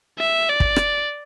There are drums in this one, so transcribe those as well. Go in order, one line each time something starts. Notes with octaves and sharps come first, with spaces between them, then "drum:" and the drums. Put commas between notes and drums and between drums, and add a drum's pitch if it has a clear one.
E5
D5
drum: kick
drum: rim click